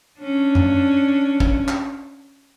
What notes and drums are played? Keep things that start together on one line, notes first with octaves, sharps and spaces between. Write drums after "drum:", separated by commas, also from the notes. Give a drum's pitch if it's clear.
C#4 D4
drum: tom F#2
drum: kick
drum: clap